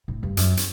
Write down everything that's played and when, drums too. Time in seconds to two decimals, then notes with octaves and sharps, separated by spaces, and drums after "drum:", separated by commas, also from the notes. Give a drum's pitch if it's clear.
0.08 A2
0.23 G2
0.37 F#2, drum: hi-hat
0.57 drum: hi-hat